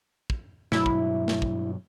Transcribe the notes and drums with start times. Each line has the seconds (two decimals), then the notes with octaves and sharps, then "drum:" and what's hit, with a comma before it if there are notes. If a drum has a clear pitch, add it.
0.30 drum: kick
0.72 G2 B2 F#3 E4, drum: snare
0.86 drum: kick
1.28 drum: snare
1.42 drum: kick